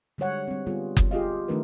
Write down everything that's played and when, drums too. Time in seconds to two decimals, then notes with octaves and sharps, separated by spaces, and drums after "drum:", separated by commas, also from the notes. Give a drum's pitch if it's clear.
0.18 D3 G3 G#3 C#5 F#5
0.48 G3 C4
0.66 D3 G3 B3 F4 G#4
0.97 drum: kick F#1
1.11 F4 G4 G#4 D#5 F5
1.48 D#3 F3 A3 D4 A#4 B4